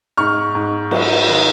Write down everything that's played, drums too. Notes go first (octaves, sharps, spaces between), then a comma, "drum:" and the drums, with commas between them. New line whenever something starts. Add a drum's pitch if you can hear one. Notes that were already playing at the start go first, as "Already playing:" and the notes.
G#2 C#6 F6
G#2
F#3, drum: cymbal
D#3